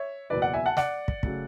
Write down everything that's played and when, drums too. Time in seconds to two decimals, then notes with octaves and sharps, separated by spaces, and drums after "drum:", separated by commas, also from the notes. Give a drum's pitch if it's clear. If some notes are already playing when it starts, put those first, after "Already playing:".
Already playing: C#5 E5
0.30 F#1 E2 B2 F#3 B4 D5
0.42 D5 F#5
0.54 E5 G#5
0.65 F#5 A5
0.77 D5 F#5, drum: snare
1.08 drum: kick
1.23 C#3 F#3 A3, drum: kick